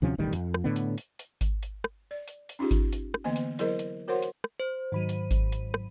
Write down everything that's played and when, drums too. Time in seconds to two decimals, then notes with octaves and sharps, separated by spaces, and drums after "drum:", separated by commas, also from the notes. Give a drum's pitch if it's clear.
0.02 D2 C3 F3 C#4
0.18 E1 A1 D#3 G3
0.33 F2, drum: hi-hat
0.54 drum: rim click
0.64 A2 D3 B3
0.76 drum: hi-hat
0.98 drum: hi-hat
1.19 drum: hi-hat
1.41 drum: kick G#1, hi-hat
1.63 drum: hi-hat
1.84 drum: rim click
2.11 D5
2.28 drum: hi-hat
2.49 drum: hi-hat
2.59 C#4 D#4 F4 G4 G#4
2.71 drum: kick G#1, hi-hat
2.93 drum: hi-hat
3.14 drum: rim click
3.24 D3 E3 A#3 B3 D#5 G#5
3.36 drum: hi-hat
3.59 F#3 E4 G#4 A#4 C5 D#5, drum: hi-hat
3.79 drum: hi-hat
4.08 F#4 A#4 C5 C#5 F#5 C6
4.22 drum: hi-hat
4.44 drum: rim click
4.60 C5
4.92 G#2 D#3 F#3 B5 D#7
5.09 drum: hi-hat
5.31 drum: kick G#1, hi-hat
5.52 drum: hi-hat
5.74 drum: rim click